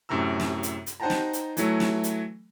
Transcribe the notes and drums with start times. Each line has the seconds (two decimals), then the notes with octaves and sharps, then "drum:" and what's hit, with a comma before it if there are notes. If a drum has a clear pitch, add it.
0.09 F#2 A2 C3 A#5 E6
0.40 drum: snare
0.63 drum: hi-hat
0.86 drum: hi-hat
1.00 D#4 C5 F#5 G5 A5 A#5
1.10 drum: snare
1.33 drum: hi-hat
1.57 E3 F#3 A3, drum: hi-hat
1.80 drum: snare
2.04 drum: hi-hat